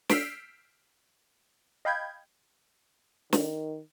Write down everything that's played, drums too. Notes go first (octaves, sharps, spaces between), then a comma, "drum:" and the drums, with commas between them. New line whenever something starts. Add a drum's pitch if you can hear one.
E6 F6 G6 B6 C7 D7, drum: snare
D#5 F5 G5 B5 G6 G#6
D#3, drum: snare